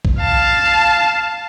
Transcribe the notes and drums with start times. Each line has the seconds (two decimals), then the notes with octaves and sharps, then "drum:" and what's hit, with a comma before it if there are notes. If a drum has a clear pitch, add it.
0.05 drum: kick A#1
0.20 F5 A5